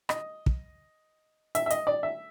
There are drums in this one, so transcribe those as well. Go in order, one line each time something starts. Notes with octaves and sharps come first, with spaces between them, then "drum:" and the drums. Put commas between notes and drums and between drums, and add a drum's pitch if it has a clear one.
D#5, drum: rim click
drum: kick
E5, drum: hi-hat
E5
D#5, drum: hi-hat
D5
E5